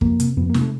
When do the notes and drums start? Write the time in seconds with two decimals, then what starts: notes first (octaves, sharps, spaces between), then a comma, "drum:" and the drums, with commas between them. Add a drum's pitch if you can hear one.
0.01 F2 A#3, drum: kick
0.20 C3, drum: hi-hat
0.37 F2 B3
0.50 A#3
0.54 C3, drum: snare
0.61 A3